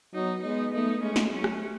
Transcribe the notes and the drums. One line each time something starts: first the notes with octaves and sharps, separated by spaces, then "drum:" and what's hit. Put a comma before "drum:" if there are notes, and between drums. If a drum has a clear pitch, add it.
F#3 B3 D#4
G#3 B3 D#4
A3 B3 D#4
G#3 A3 C#4
drum: snare
F#3 A3 C#4
drum: rim click